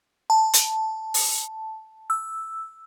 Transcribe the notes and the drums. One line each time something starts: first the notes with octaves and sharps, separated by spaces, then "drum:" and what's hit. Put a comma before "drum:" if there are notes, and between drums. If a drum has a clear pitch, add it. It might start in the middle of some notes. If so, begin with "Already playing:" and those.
A5
drum: hi-hat
drum: open hi-hat
E6